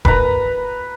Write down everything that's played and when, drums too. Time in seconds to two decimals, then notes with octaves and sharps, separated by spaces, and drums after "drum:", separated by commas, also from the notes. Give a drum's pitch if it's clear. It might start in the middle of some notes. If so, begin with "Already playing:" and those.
0.05 B4 A#5, drum: kick E1